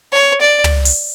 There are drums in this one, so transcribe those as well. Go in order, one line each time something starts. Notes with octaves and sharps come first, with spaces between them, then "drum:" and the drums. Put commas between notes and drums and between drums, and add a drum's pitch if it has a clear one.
C#5
D5
drum: tom
drum: open hi-hat